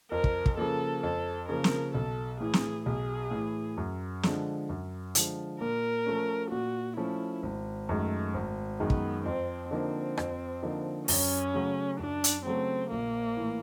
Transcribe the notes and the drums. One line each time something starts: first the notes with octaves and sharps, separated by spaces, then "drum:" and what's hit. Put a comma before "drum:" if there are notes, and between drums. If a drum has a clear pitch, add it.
F2 A#4
drum: kick
drum: kick
C#3 F3 A#3 A4
F2 A4
C#3 F3 A#3 A#4
drum: snare
B1 A4
A2 E3 G#4
drum: snare
B1 G#4
A2 E3
F#2
D3 F3 G#3, drum: snare
F#2
D3 F3 G#3, drum: hi-hat
A#2 A#4
F3 A3 C#4
A#2 F#4
F3 A3 C#4 E4
G#1
F#2 D#3 G#3 A3
G#1
F#2 D#3 G#3 B3
drum: kick
F2 C4
D3 F3 A#3 C4 D#4
F2, drum: rim click
D3 F3 A#3 D#4
F#2 C#4, drum: open hi-hat
C#3 F#3 A3
F#2 D4
drum: hi-hat
C#3 F#3 A3 C4
A#1 A#3
A2 E3